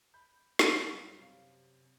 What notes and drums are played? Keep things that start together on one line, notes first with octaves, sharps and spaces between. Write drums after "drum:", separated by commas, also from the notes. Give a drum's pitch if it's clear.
B5 G6
drum: snare
F#2 G3 F5
C3 F5